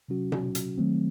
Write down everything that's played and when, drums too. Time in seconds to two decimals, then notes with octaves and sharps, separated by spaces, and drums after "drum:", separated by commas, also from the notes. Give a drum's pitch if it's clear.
0.08 C3 F#3 C#4 F#4
0.32 drum: tom B2
0.55 drum: hi-hat
0.78 D#3 F#3 A3 C4